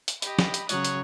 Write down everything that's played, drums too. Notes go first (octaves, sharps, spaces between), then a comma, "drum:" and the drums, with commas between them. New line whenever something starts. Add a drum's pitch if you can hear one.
drum: hi-hat
G4 D#5 B5, drum: hi-hat
drum: snare
drum: hi-hat
C#3 F#3 C#5 D#6 F#6, drum: hi-hat
drum: hi-hat